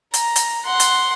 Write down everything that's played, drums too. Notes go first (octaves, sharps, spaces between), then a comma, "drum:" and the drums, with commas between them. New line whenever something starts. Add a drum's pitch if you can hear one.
A#5, drum: hi-hat
drum: hi-hat
F#5 C6
drum: hi-hat